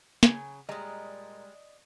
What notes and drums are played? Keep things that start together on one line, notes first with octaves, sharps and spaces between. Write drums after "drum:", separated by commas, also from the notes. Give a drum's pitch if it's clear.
C#3 F#3 G#5, drum: snare
A#2 G3 G#3 D5 D#5 A#5